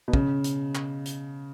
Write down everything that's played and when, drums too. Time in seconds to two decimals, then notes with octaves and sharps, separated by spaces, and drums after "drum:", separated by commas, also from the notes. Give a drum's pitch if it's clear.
0.08 B2
0.13 C#3, drum: kick
0.44 drum: hi-hat
0.75 drum: clap
1.06 drum: hi-hat